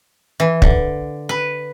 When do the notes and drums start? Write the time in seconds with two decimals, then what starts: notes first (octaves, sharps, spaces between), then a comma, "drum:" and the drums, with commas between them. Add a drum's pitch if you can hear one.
0.40 E3
0.62 D3, drum: kick
1.29 B4